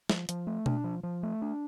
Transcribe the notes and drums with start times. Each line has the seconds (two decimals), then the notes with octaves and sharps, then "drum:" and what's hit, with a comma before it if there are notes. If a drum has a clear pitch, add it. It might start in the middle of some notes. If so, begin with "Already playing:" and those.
0.09 F3, drum: snare
0.29 F3, drum: hi-hat
0.47 A3
0.66 D4, drum: tom B2
0.84 F3
1.03 F3
1.23 A3
1.42 D4